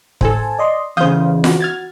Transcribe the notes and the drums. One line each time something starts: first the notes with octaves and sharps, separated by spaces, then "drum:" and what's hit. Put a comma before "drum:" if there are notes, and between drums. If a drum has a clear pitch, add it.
A2 A4 C5 G#5 A5, drum: kick
D5 D#5 C6
E2 C#3 C5 F5 D#6 G6
F#4, drum: snare F4
F6 G#6 A6